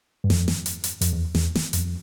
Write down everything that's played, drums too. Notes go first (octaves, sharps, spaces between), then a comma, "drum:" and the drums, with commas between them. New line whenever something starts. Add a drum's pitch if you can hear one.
G2
F2, drum: snare
drum: snare
drum: hi-hat
drum: hi-hat
F2, drum: hi-hat
E2
E2, drum: snare
drum: snare
F2, drum: hi-hat